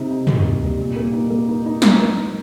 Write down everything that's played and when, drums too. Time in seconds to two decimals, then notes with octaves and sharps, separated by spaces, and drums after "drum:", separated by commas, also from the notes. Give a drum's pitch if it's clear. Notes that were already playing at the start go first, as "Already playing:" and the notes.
Already playing: C3 D#4
0.11 D#4
0.27 C3, drum: tom
0.44 A#3
0.62 G3
0.79 A#2
0.96 A#3
1.13 D#4
1.30 A#3
1.49 D#4
1.66 D#4
1.82 A#4, drum: snare
1.99 A#4
2.17 D#4